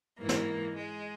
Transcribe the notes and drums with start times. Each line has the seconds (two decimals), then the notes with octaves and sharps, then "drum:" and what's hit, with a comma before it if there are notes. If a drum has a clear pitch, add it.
0.19 G#2 E3 A#3
0.29 drum: snare
0.77 G#3